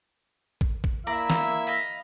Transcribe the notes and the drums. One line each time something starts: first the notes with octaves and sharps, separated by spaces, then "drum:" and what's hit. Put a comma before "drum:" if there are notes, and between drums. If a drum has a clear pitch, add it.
drum: kick
drum: kick
A#3 E4 D5 E5 A#5
drum: snare
D#5 F5 B5